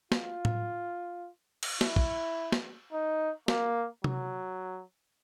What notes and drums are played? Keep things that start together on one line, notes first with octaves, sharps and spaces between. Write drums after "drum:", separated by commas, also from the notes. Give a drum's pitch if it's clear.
F4, drum: snare
drum: tom A2
drum: cymbal
E4, drum: snare
drum: kick
drum: snare
D#4
A#3, drum: snare
F#3, drum: tom C3